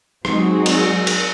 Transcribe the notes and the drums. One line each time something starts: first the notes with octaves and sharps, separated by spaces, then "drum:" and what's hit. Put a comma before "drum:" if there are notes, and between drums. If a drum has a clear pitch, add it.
F#3 G#3 C4 D#4 F#4 G#4, drum: rim click
drum: cymbal
drum: cymbal